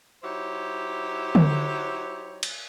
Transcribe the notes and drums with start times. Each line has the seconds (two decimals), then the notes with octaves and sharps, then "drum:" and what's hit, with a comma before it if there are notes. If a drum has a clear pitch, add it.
0.23 F#3 D#4 E4 G4 C5 C#5
1.35 drum: tom D3
2.43 drum: cymbal